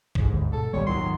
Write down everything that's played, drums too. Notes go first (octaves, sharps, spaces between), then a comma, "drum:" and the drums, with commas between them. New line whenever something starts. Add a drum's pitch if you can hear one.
G1 G#2, drum: kick
D2
B2 A4
D#1 G#1 C#2 G3 B3 C#5
D#3 F#3 C6